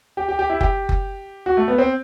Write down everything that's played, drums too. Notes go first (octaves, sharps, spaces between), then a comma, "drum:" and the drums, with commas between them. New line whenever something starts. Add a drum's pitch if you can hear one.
G4
G4
G4
E4
G4, drum: kick F#1
drum: kick F#1
F#4
A3
B3
C4